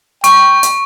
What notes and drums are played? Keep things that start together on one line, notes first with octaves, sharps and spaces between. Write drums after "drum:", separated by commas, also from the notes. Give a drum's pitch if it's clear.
G5 C#6, drum: hi-hat
drum: hi-hat